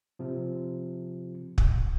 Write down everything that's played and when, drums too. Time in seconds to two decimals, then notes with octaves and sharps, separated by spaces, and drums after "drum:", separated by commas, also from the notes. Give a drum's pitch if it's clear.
0.19 C3 F3
1.58 drum: kick